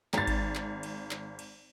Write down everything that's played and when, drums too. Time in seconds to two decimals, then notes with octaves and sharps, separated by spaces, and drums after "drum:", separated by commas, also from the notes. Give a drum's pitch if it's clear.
0.14 G#1 A6, drum: clap
0.27 drum: kick G#1, cymbal
0.55 drum: clap
0.83 drum: cymbal
1.11 drum: clap
1.39 drum: cymbal